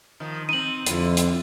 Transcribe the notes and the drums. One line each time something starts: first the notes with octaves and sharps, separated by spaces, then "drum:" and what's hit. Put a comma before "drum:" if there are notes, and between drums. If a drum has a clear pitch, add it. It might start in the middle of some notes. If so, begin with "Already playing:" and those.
D#3 F3
C4 D#4 D#7 F#7
F2 D3 E4 F4, drum: hi-hat
drum: hi-hat